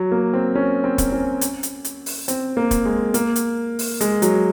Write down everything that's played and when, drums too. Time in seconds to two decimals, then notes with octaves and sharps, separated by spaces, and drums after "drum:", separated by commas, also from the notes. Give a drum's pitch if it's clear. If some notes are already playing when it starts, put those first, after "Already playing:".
Already playing: F#3
0.12 A#3
0.33 C4
0.55 C#4
0.84 C4
0.98 drum: kick, hi-hat
1.12 C#4
1.41 drum: hi-hat
1.63 drum: hi-hat
1.85 drum: hi-hat
2.06 drum: open hi-hat
2.28 C4, drum: hi-hat
2.57 A#3
2.71 drum: kick, hi-hat
2.85 G#3
3.14 A#3, drum: hi-hat
3.36 drum: hi-hat
3.79 drum: open hi-hat
4.01 G#3, drum: hi-hat
4.22 F#3, drum: hi-hat